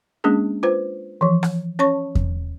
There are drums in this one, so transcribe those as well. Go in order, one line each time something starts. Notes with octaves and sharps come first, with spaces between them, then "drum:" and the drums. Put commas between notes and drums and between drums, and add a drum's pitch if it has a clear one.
G#3 A#3 C#4 D4 G#4
F4 B4 C5
E3 F3
drum: rim click
C#4 C#5 A5 C#6
drum: kick E2